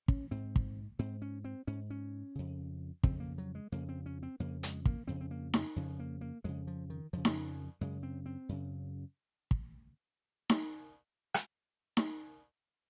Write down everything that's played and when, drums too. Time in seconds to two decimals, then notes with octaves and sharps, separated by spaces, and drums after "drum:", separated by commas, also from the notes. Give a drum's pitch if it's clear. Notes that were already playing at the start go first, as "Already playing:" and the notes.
0.08 C#4, drum: kick
0.31 G#2 C4
0.56 drum: kick
0.99 G#2 C4
1.22 C#4
1.44 C4
1.67 G#2 C#4
1.90 C#4
2.35 F2 C#3
3.03 F2 C#3 C4, drum: kick
3.20 A#3
3.38 F#3
3.55 G#3
3.72 F2 C#3 A#3
3.89 C4
4.06 C#4
4.23 C4
4.40 F2 C#3 A#3
4.63 G#3, drum: hi-hat
4.85 A#3, drum: kick
5.07 F2 C#3 C4
5.21 C4
5.31 A#3
5.54 drum: snare D#4
5.76 F2 C#3
6.00 A#3
6.21 A#3
6.44 F2 C#3 G#3
6.67 F3
6.90 D#3
7.13 F2 C#3 F3
7.25 drum: snare D#4
7.81 F#2 C#3 G#3
8.03 C4
8.26 C4
8.49 F#2 C#3
9.51 drum: kick
10.50 drum: snare D#4
11.34 drum: rim click
11.97 drum: snare D#4